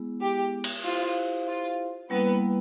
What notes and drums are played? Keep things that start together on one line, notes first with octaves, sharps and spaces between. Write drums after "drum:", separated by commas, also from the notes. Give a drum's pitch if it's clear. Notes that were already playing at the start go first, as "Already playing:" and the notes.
Already playing: G#3 B3 E4 G#4
G4
drum: cymbal
E4 F4 G4 C5 F5
F4
G3 A#3 B3 C#4 E4 B4